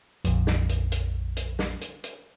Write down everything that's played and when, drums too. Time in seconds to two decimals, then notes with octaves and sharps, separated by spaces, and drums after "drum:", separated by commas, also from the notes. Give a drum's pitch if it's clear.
0.25 A#1 F2, drum: hi-hat
0.47 drum: snare
0.69 drum: hi-hat
0.92 drum: hi-hat
1.36 drum: hi-hat
1.59 drum: snare
1.81 drum: hi-hat
2.04 drum: hi-hat